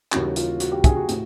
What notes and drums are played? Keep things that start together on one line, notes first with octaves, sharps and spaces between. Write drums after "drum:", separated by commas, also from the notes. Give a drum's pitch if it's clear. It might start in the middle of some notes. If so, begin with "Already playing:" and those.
D#2 C#3 E3 G3 F#4, drum: clap
F4, drum: hi-hat
F#4, drum: hi-hat
G4
G#4, drum: kick, hi-hat
F#4
A2, drum: hi-hat